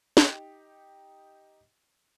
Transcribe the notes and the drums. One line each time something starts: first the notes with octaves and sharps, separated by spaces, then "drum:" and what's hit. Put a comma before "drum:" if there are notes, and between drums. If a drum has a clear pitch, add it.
D#4 G4, drum: snare